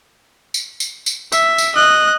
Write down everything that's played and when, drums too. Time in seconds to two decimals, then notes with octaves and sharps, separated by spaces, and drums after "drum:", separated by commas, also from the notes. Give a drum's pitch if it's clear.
0.54 drum: tambourine
0.80 drum: tambourine
1.06 drum: tambourine
1.32 E5, drum: tambourine
1.58 drum: tambourine
1.76 D#5 F#6